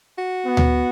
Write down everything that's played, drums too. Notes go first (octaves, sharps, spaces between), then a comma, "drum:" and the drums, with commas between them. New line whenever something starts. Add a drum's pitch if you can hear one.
F#4
B3
drum: tom D2